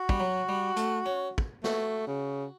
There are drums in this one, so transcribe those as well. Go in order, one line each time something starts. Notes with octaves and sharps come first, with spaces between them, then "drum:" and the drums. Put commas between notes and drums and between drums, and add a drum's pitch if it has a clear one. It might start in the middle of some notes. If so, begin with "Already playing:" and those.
Already playing: F#4
G3, drum: kick
F#3
G3
A3, drum: hi-hat
C#4
drum: kick
A3 F#4, drum: snare
C#3